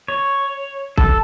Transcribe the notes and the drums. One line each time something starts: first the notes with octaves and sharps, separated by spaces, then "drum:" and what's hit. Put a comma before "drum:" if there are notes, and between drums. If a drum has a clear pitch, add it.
C#5
A4, drum: kick